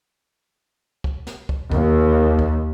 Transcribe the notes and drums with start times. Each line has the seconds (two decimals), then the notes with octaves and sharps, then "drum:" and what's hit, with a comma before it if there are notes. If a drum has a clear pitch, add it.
1.04 drum: kick
1.27 drum: snare
1.49 drum: kick
1.72 D#2, drum: kick
2.39 drum: kick